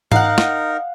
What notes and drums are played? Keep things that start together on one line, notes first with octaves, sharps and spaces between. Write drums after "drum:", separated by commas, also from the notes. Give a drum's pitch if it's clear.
D#4 A#4 F5 F#5, drum: tom G#2
drum: snare